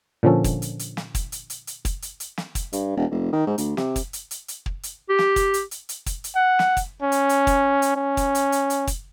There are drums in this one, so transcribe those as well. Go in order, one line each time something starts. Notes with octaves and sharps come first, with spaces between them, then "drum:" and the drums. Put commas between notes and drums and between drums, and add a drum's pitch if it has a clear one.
A#2 D3 F3 C#4 A4
drum: kick, hi-hat
drum: hi-hat
drum: hi-hat
drum: snare
drum: kick, hi-hat
drum: hi-hat
drum: hi-hat
drum: hi-hat
drum: kick, hi-hat
drum: hi-hat
drum: hi-hat
drum: snare
drum: kick, hi-hat
G2, drum: hi-hat
E1
F1
D#3
G#2
D2, drum: hi-hat
C3, drum: snare
drum: kick, hi-hat
drum: hi-hat
drum: hi-hat
drum: hi-hat
drum: kick
drum: hi-hat
G4
drum: snare
drum: kick, hi-hat
drum: hi-hat
drum: hi-hat
drum: hi-hat
drum: kick, hi-hat
drum: hi-hat
F#5
drum: snare
drum: kick, hi-hat
C#4
drum: hi-hat
drum: hi-hat
drum: kick, hi-hat
drum: hi-hat
C#4
drum: kick, hi-hat
drum: hi-hat
drum: hi-hat
drum: hi-hat
drum: kick, hi-hat